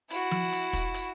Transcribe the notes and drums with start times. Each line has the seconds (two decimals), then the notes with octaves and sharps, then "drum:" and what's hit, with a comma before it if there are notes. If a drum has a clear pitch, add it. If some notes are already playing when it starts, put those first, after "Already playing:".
0.10 E4 F#4, drum: hi-hat
0.31 drum: tom F3
0.52 drum: hi-hat
0.73 drum: kick, hi-hat
0.94 drum: hi-hat